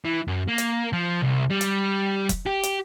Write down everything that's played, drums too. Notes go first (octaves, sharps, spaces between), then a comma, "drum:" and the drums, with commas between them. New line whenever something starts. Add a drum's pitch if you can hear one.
E3
F#2
A#3
drum: hi-hat
F3
C2
G3
drum: hi-hat
drum: kick E1, hi-hat
G4
drum: hi-hat